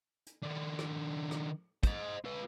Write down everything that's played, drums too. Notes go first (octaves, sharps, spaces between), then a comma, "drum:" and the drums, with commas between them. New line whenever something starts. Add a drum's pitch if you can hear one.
drum: hi-hat
D#3 D4
drum: rim click
drum: rim click
C5 D#5, drum: kick, hi-hat
F4 B4